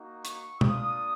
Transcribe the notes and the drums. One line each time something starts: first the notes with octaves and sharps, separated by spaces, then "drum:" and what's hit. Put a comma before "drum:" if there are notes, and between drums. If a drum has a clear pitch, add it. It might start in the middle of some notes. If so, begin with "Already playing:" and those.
Already playing: A#3 D#4 F#4
C#6, drum: hi-hat
A#3 D4 F4 D#6, drum: tom